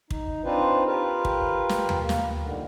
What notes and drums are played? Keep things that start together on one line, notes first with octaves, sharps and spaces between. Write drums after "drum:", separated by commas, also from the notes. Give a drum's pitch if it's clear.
D#4, drum: kick
C4 D4 D#4 F4 B4 C5
F4 G4 A#4 B4
drum: kick
drum: snare
drum: tom D#2
A#3
drum: snare
A#2 D3 D#3